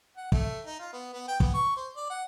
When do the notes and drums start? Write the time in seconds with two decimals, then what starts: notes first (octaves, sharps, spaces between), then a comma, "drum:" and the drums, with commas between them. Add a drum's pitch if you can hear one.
0.17 F#5
0.32 A3, drum: kick
0.66 D#4
0.79 F4
0.93 B3
1.14 B3
1.28 G5
1.40 B3, drum: kick
1.54 C#6
1.76 C5
1.96 D5
2.10 F#5